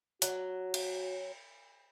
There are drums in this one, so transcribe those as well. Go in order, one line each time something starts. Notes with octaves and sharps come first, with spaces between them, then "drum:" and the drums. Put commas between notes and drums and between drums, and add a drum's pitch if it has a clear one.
F#3 F#4, drum: hi-hat
drum: cymbal